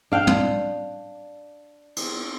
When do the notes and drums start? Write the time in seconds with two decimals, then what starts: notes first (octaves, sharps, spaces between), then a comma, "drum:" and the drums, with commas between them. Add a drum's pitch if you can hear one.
0.12 D4 F5 G5
0.27 drum: tom
1.96 drum: cymbal